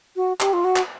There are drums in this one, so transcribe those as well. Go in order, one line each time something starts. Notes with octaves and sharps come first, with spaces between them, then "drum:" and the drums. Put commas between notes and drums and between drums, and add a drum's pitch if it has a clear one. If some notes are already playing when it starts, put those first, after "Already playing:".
F#4
G4, drum: clap
F4
F#4
drum: clap